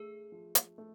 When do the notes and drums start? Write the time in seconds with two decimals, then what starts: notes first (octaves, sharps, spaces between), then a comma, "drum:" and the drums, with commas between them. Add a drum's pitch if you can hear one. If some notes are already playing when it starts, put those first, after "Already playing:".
Already playing: A3 G#4
0.32 F3
0.55 drum: hi-hat
0.78 A3